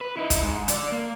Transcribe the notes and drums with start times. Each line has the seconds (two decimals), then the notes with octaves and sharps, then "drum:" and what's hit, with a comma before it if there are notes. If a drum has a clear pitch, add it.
0.01 B4
0.17 D#4 E4
0.30 drum: kick, hi-hat
0.42 G#2
0.68 D3 D5, drum: hi-hat
0.92 A#3